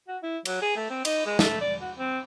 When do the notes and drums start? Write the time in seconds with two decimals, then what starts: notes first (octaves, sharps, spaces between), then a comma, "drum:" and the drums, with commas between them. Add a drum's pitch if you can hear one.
0.08 F#4
0.23 E4
0.45 F#3, drum: cymbal
0.62 G#4
0.77 A3
0.90 C4
1.05 D#4, drum: cymbal
1.26 G#3
1.39 A3, drum: snare
1.61 D5
1.81 F#4
1.98 C4